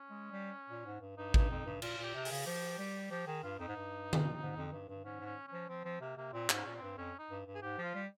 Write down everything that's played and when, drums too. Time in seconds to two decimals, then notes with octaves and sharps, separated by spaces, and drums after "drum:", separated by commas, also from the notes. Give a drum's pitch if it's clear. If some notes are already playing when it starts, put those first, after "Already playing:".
Already playing: C#4
0.10 G#3
0.32 G3
0.69 A#2
0.85 G#2
1.01 G2
1.17 G2 D#4
1.34 G2, drum: kick A1
1.50 F2
1.66 G2
1.82 A#2 F4, drum: cymbal
1.98 A#2 G4
2.14 C3
2.25 G#4, drum: open hi-hat
2.31 C#3
2.46 F3 G4
2.79 G3
3.10 F3 G4
3.26 D#3 G#4
3.43 G2 F4
3.59 F2 D#4
3.68 G#2
3.76 G2
4.13 drum: tom D3
4.40 G#2
4.56 F2
4.72 G2
4.88 G2
5.04 G#2 C#4
5.20 G#2
5.26 C#4
5.47 C#4
5.53 F3
5.69 F3 C4
5.85 F3 C4
6.01 C3 A#3
6.17 C3 A#3
6.33 A#2 C4
6.50 G#2 C#4, drum: clap
6.66 A#2
6.76 C4
6.82 G2
6.97 F2 C#4
7.19 D#4
7.30 G2
7.46 G2
7.55 G#4
7.62 G#2 G4
7.78 F3
7.83 F4
7.94 G3